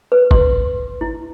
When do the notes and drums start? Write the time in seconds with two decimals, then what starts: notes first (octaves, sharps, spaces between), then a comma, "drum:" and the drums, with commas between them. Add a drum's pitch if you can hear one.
0.12 B4
0.31 C6, drum: kick G1
1.01 E4